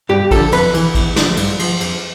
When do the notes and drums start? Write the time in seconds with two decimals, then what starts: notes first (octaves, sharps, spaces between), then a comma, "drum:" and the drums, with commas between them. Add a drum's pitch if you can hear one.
0.09 G2 G4
0.31 D3 F3 A4, drum: kick A#1, cymbal
0.52 F2 B4, drum: cymbal
0.74 E3, drum: cymbal
0.95 E2, drum: kick A#1, cymbal
1.16 D3 F3, drum: snare
1.37 G2, drum: cymbal
1.59 F3, drum: cymbal
1.80 F2, drum: cymbal